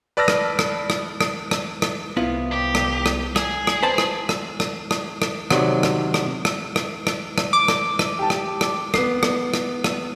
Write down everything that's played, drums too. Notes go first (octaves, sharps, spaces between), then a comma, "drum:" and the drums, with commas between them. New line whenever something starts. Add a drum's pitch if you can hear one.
B4 D5 A5 E6 F6 A#6
drum: rim click
drum: rim click
drum: rim click
drum: rim click
drum: rim click
drum: rim click
C2 C3 B3 E4 F4
G4
drum: rim click
drum: rim click
G#4, drum: rim click
drum: rim click
B4 C5 A5
drum: rim click
drum: rim click
drum: rim click
drum: rim click
drum: rim click
C3 D#3 F#3 D5, drum: rim click
drum: rim click
drum: rim click
drum: rim click
drum: rim click
drum: rim click
drum: rim click
D6
drum: rim click
drum: rim click
G4 A5
drum: rim click
drum: rim click
B3 C7, drum: rim click
drum: rim click
drum: rim click
drum: rim click